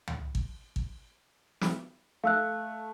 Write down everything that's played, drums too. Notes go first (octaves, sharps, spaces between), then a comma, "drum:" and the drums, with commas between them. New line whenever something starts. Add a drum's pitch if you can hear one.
drum: tom
drum: kick G#1
drum: kick G#1
drum: snare
A3 F5 E6 F#6